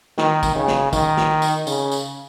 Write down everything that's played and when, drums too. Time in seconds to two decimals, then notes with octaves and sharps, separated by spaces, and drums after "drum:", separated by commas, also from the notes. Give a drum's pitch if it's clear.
0.18 D#3, drum: snare
0.43 drum: kick, tambourine
0.55 C#3
0.68 drum: snare
0.93 D#3, drum: kick, tambourine
1.17 drum: snare
1.42 drum: tambourine
1.67 C#3, drum: tambourine
1.91 drum: tambourine